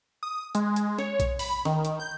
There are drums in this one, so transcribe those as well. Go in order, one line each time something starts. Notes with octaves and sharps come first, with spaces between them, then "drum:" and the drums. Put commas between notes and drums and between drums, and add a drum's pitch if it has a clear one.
D#6
G#3, drum: hi-hat
drum: hi-hat
C#5, drum: snare
drum: kick B1, hi-hat
B5, drum: open hi-hat
D#3, drum: snare
drum: hi-hat
G6